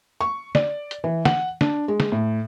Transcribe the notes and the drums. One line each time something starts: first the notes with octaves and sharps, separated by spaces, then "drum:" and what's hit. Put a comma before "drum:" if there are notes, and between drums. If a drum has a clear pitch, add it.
C#6
D5, drum: snare
drum: hi-hat
E3
F#5, drum: snare
D4, drum: snare
G#3
drum: snare
A2